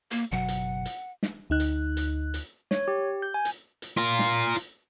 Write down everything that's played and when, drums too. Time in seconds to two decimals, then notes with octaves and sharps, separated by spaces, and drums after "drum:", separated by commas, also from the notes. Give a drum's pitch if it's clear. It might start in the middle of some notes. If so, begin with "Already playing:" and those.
0.11 A#3, drum: hi-hat
0.32 F#1 B2 F#3 F#5
0.48 drum: hi-hat
0.85 drum: hi-hat
1.23 drum: snare
1.50 D2 D#4 F#6
1.60 drum: hi-hat
1.97 drum: hi-hat
2.34 drum: hi-hat
2.71 C#5, drum: snare
2.88 G4
3.22 G6
3.34 G#5
3.45 drum: hi-hat
3.82 drum: hi-hat
3.98 F4 A#4
4.19 drum: snare
4.56 drum: hi-hat